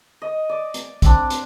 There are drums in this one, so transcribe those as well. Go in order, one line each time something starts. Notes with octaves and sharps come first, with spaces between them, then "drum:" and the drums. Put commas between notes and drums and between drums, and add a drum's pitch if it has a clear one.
D#5
D5
drum: hi-hat
C4 D4, drum: kick, hi-hat
drum: hi-hat